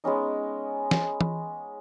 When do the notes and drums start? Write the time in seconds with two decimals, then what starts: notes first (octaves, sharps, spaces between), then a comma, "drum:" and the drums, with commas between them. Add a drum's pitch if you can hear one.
0.04 G#3 B3 C#4 D#4
0.91 drum: snare
1.21 drum: tom E3